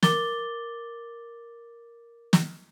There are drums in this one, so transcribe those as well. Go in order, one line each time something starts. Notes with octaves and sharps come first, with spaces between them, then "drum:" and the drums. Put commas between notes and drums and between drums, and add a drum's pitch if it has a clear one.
A#4 D6 A6 G7, drum: snare
drum: snare